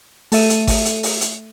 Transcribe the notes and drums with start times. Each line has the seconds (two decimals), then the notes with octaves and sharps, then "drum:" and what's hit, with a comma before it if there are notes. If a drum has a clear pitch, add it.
0.32 A3 A4 E5 D#7, drum: open hi-hat
0.50 drum: hi-hat
0.67 drum: kick G#1, open hi-hat
0.85 drum: hi-hat
1.03 drum: open hi-hat
1.21 drum: hi-hat